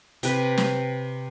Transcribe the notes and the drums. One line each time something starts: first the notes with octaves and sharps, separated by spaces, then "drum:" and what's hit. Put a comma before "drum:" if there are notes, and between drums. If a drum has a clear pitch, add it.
C3 B4, drum: hi-hat
drum: snare